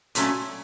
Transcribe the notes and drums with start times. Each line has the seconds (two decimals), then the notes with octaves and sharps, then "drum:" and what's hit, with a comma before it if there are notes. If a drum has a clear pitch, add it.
0.15 A#2 F#3 A3 C#4, drum: hi-hat